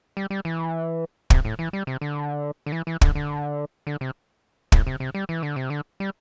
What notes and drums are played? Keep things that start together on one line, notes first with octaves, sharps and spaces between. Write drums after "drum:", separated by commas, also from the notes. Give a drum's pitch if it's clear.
G3
G3
E3
C3, drum: kick
A2
E3
G3
C3
D3
D3
E3
E3
D3, drum: kick
D3
D3
C3
A2, drum: kick
C3
C3
G3
E3
D3
C3
D3
G3